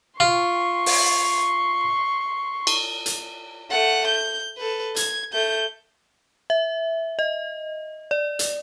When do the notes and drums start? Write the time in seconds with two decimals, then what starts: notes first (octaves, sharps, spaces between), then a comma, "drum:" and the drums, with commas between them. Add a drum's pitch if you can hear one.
0.20 F4 C6 C#6
0.86 drum: open hi-hat
2.67 drum: cymbal
3.06 drum: hi-hat
3.70 A3 F#5
4.08 G6
4.57 A4 B4
4.96 G#6, drum: hi-hat
5.34 A3 G6
6.50 E5
7.19 D#5
8.11 D5
8.39 drum: hi-hat